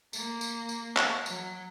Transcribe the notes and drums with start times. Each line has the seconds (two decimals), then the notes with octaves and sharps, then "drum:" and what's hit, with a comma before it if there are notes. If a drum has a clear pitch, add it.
0.13 A#3, drum: tambourine
0.41 drum: tambourine
0.69 drum: tambourine
0.97 drum: clap
1.26 F#3, drum: tambourine